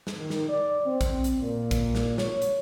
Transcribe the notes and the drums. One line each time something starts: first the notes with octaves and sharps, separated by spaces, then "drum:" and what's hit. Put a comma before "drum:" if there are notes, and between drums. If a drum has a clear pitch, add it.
drum: snare
D#3
drum: snare
D5
C4
drum: kick A#1, hi-hat
drum: hi-hat
A#2
drum: kick A#1, hi-hat
drum: snare
C#5, drum: snare
drum: hi-hat